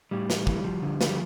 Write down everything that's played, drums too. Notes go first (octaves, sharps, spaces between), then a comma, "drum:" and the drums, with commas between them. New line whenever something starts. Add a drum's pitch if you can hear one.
A2 G3
E3, drum: snare
E3, drum: kick
F3
D3
F3, drum: snare
G3